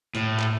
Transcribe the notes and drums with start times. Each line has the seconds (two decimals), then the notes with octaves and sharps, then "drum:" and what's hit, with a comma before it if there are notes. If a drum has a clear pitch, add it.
0.15 A2, drum: hi-hat
0.39 drum: clap